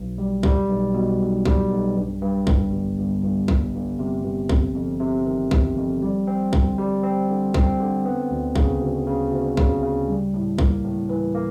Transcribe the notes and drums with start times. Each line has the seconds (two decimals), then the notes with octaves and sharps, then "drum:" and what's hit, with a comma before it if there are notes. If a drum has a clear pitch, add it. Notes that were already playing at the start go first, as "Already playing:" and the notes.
Already playing: B1
0.18 G3
0.43 G3, drum: kick B1
0.69 B1
0.94 B2
1.20 B1
1.45 G3, drum: kick B1
1.70 B1
1.96 G2
2.21 G2
2.47 G1, drum: kick B1
2.72 G1
2.98 G1
3.23 G1
3.48 G1, drum: kick B1
3.73 G1
3.99 C3
4.24 G1
4.49 F2, drum: kick B1
4.75 F2
5.00 C3
5.26 D#3
5.51 G1, drum: kick B1
5.77 F2
6.02 G3
6.27 C4
6.53 D3, drum: kick B1
6.78 G3
7.03 C4
7.29 D3
7.54 C4, drum: kick B1
7.80 D3
8.05 B3
8.30 D2
8.55 C#3, drum: kick B1
8.81 D2
9.06 C#3
9.32 D2
9.57 C#3, drum: kick B1
9.83 C#3
10.08 G3
10.34 A2
10.58 A#3, drum: kick B1
10.84 A2
11.09 E3
11.35 A#3